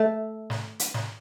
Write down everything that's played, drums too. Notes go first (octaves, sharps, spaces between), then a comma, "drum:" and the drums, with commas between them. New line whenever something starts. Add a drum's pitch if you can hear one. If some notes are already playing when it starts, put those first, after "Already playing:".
Already playing: A3
drum: snare
drum: hi-hat
drum: snare